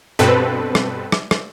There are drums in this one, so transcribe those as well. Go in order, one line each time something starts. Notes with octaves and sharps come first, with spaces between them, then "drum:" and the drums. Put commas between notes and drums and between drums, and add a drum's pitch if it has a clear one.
G2 B2 C4 A4 B4
drum: rim click
drum: rim click
drum: rim click